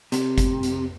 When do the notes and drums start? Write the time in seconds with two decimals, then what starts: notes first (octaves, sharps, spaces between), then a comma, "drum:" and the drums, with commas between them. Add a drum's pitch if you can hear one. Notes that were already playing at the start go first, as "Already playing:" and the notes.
0.12 C3, drum: hi-hat
0.38 drum: kick G1, hi-hat
0.63 drum: hi-hat